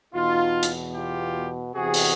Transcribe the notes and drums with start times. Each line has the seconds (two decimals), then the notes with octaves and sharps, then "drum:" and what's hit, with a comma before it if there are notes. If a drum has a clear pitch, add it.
0.14 E2 B2 D#4 F4
0.63 drum: hi-hat
0.94 F4 G4
1.75 E2 C3 E3 F#4 G#4
1.94 drum: open hi-hat